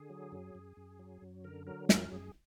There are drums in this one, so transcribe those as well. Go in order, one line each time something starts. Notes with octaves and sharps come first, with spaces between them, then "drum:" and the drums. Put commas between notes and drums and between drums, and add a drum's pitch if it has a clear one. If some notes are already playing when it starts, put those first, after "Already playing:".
Already playing: D3 G#4
F#3
F#2
F#2
F#2
F#3
F#2
D3 A#4
F#3 A#4
F#2 A#4, drum: snare
F#2 G#4